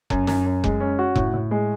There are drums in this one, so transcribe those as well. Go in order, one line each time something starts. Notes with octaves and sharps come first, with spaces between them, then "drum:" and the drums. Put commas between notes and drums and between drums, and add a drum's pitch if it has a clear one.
F#2, drum: kick F1
F#2, drum: snare
F#2
G#3, drum: kick F1
C#4
F#4
A2, drum: kick F1
A2
G#3